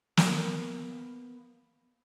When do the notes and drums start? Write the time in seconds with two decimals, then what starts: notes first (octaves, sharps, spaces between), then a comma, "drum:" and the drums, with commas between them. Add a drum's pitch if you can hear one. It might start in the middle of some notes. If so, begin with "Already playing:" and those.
0.17 A#3 B3, drum: snare